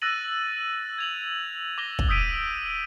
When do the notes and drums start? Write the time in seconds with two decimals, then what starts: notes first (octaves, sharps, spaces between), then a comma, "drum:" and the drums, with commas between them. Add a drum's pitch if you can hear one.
0.02 E6 F#6 A6 A#6 D#7 F#7
0.98 G#6 F7 F#7
1.78 D6 A#6 G7
1.99 drum: kick
2.09 D#6 E6 G6 B6 D7 D#7